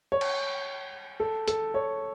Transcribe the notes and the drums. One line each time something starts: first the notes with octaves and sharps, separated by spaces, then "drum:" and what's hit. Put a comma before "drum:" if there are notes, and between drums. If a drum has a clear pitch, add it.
C#5
drum: cymbal
A4
A4, drum: hi-hat
C#5